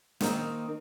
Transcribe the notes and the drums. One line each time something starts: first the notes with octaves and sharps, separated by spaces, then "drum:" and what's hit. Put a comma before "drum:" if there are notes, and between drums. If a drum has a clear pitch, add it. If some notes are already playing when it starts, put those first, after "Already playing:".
D#3 A#3 C4 D#4, drum: snare